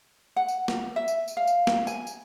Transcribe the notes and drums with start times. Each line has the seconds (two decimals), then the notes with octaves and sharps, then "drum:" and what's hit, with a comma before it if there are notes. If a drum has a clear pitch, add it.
0.36 F#5
0.48 drum: tambourine
0.68 drum: snare
0.96 E5
1.08 drum: tambourine
1.28 drum: tambourine
1.37 F5
1.47 drum: tambourine
1.67 drum: snare
1.87 G#5, drum: tambourine
2.07 drum: tambourine